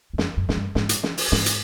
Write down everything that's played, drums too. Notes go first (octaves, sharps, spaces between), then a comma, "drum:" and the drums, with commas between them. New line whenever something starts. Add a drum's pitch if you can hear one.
E2
F2, drum: snare
F#2
G#2, drum: snare
G2
G#2, drum: snare
drum: hi-hat
drum: snare
drum: open hi-hat
G#2, drum: snare
drum: hi-hat